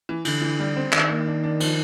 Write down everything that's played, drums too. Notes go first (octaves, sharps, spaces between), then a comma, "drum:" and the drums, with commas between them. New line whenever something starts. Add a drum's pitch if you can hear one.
E3
D3 E3, drum: cymbal
E3
G3
C4
D#3 D4, drum: clap
A#3
D4
D4
F3, drum: cymbal